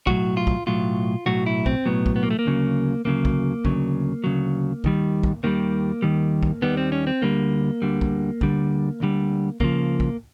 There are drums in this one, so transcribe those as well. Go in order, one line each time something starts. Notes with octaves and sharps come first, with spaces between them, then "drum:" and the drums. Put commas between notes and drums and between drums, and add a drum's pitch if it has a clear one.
B1 A2 F#3 F#4, drum: kick
F4
drum: kick
B1 A2 F#3 F4
B1 A2 F#3 F#4
E4
C4, drum: kick
B1 A2 F#3 B3
drum: kick
B3
A#3
A3
A#3
D2 C#3 F#3
D2 C#3 F#3 A#3
drum: kick
D2 C#3 F#3, drum: kick
D2 C#3 F#3
D#2 D#3 G3, drum: kick
drum: kick
D#2 D#3 G3 A#3
D#2 D#3 G3
drum: kick
D#2 D#3 G3 B3
C4
C#4
C4
D2 D3 G3 A#3
D2 D3 G3
drum: kick
D2 D3 G3, drum: kick
D2 D3 G3
C#2 C#3 F3 A#3, drum: kick
drum: kick